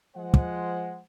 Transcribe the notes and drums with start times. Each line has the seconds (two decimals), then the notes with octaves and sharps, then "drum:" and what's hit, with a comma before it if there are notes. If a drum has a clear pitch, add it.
0.16 F3 G#3 C5 F#5
0.34 drum: kick